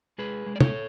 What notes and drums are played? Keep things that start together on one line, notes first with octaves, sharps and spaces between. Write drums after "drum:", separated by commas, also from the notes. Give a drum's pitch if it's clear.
G#3 G#4 B4
G#3
D5
A4 C#5, drum: tom